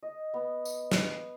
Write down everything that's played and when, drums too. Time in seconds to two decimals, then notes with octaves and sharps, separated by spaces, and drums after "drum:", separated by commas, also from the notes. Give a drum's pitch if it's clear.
0.03 D#5
0.34 B3
0.65 drum: tambourine
0.92 drum: snare